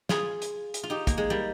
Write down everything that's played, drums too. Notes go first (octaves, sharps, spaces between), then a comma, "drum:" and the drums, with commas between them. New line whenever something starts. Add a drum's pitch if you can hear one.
F4 G#4, drum: snare
drum: hi-hat
drum: hi-hat
F4
D#4 G4
A#3, drum: kick, hi-hat
G#3
G3 A#3